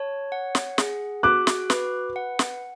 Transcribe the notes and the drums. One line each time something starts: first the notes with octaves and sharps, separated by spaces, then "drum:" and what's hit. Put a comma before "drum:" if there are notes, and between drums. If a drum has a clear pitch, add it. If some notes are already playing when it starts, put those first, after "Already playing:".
Already playing: C#5 A5
F#5
drum: snare
G#4, drum: snare
F#4 D6 F#6
drum: snare
B4, drum: snare
F#5
drum: snare